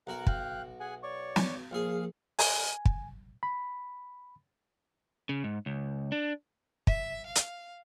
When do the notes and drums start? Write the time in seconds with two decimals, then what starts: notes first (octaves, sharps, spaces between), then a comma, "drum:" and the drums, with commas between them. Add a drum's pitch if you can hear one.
0.07 B1 F#4 A#4 F#5
0.27 F5 G5 F#6, drum: kick
0.80 G#4 F#5 G#5
1.03 C#5 D5 C#6
1.36 drum: snare
1.71 A#1 G#4 F5
2.39 G#5, drum: open hi-hat
2.85 drum: kick
3.43 B5
5.29 C#3
5.44 G#2
5.66 C#2
6.12 D4
6.87 E5, drum: kick
7.26 F5
7.35 drum: hi-hat